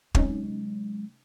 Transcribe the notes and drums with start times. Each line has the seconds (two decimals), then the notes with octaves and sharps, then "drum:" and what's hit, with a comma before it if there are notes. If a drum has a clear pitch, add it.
0.15 C3 F#3 G#3 C#4 D#4, drum: kick